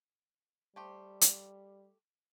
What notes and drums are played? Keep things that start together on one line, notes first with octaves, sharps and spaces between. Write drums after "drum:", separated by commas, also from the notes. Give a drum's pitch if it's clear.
G3 A3 G4 C5
drum: hi-hat